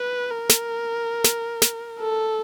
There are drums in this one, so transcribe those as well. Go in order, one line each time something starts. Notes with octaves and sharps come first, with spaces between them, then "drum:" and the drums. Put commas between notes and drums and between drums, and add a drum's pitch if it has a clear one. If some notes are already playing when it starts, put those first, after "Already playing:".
Already playing: B4
A#4
drum: snare
drum: snare
drum: snare
A4